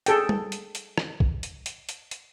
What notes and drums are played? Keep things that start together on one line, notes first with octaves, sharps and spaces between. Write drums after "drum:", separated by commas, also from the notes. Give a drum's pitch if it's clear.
G#4 A4 G5, drum: hi-hat
drum: tom G3
drum: hi-hat
drum: hi-hat
drum: rim click
drum: kick
drum: hi-hat
drum: hi-hat
drum: hi-hat
drum: hi-hat